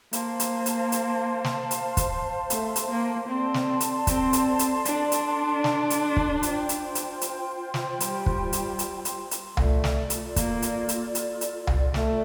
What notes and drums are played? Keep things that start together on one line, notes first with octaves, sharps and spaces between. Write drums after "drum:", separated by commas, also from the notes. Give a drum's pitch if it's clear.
A#3 C5 F5 A5 C6, drum: hi-hat
drum: hi-hat
drum: hi-hat
drum: hi-hat
drum: snare
drum: hi-hat
drum: kick, hi-hat
A3, drum: hi-hat
drum: hi-hat
A#3
C4 A4 D5 A5 C6
drum: snare
drum: hi-hat
C4, drum: kick, hi-hat
drum: hi-hat
drum: hi-hat
D4, drum: hi-hat
drum: hi-hat
drum: snare
drum: hi-hat
drum: kick
F4 C5 G5 C6, drum: hi-hat
drum: hi-hat
drum: hi-hat
drum: hi-hat
drum: snare
G3, drum: hi-hat
drum: kick
drum: hi-hat
drum: hi-hat
drum: hi-hat
drum: hi-hat
A3 F4 A4 D5, drum: tom C2
drum: snare
drum: hi-hat
A#3, drum: kick, hi-hat
drum: hi-hat
drum: hi-hat
drum: hi-hat
drum: hi-hat
drum: tom C2
A3, drum: snare